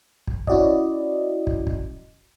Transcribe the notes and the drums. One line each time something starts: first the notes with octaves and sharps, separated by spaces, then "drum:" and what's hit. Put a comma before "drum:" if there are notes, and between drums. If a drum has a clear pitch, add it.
drum: kick
C#4 E4 F#4 D5 D#5, drum: kick
drum: kick
drum: kick